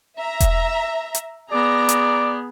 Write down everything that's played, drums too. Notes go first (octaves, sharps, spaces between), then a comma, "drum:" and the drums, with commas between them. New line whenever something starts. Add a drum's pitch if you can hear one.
E5 A#5
drum: kick E1, hi-hat
drum: hi-hat
B3 G#4 D5 A#5
drum: hi-hat